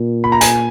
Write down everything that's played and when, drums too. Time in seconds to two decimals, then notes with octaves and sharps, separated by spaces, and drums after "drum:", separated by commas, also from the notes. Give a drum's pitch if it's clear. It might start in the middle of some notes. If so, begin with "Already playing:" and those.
Already playing: A#2
0.24 B5
0.32 A#5
0.41 G#5, drum: hi-hat